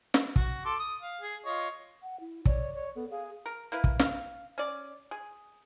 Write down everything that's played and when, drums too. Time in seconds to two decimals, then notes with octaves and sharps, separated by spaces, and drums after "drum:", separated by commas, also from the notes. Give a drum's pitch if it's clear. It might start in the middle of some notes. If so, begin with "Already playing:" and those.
0.14 drum: snare
0.36 F#4, drum: kick
0.65 A4 C6 D6
0.80 D#6
1.02 F5
1.21 G#4
1.45 F4 C#5 D#5
2.03 F#5
2.20 E4
2.46 C#5 D5, drum: kick
2.75 C#5
2.96 B3 A4
3.11 G#4 F5
3.46 A#4
3.72 A#3 E4 B4
3.84 drum: kick
3.99 F5, drum: snare
4.58 C#4 D5
5.11 G#4